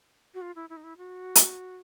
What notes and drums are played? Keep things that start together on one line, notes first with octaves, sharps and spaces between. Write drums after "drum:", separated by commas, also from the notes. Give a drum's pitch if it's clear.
F#4
F4
E4
E4
D#4
E4
F#4
drum: hi-hat